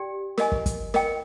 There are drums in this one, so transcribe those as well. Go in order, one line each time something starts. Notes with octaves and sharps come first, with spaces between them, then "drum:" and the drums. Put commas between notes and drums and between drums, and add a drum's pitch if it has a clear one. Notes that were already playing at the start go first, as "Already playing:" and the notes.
Already playing: G4 D5 G5
A#4 D#5 G#5, drum: snare
drum: kick
drum: kick, hi-hat
A#4 D#5 G5, drum: snare